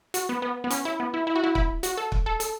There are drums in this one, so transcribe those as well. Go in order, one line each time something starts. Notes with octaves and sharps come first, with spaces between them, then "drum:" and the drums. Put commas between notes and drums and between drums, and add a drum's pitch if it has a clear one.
F#4, drum: hi-hat
B3
B3
B3
C#4, drum: hi-hat
E4
B3
E4
E4
F#4
E4
E4, drum: kick
F#4, drum: hi-hat
A4
drum: kick
A4
A4, drum: hi-hat